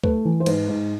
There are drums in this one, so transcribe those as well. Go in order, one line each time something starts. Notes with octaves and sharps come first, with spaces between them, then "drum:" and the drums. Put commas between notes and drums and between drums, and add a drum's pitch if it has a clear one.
A3 B4, drum: kick
E3
C5
G#2 B4, drum: cymbal
G#2